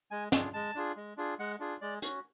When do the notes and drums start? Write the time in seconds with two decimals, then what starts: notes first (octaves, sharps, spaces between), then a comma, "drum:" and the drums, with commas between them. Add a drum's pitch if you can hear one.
0.11 G#3 G#5
0.32 D4 F4 G#4, drum: snare
0.53 G#3 A5
0.75 D4 F4 G#4
0.97 G#3
1.17 D4 F4 G#4
1.39 G#3 F#5
1.60 D4 F4 G#4
1.81 G#3 D5
2.02 C#4 F#4, drum: hi-hat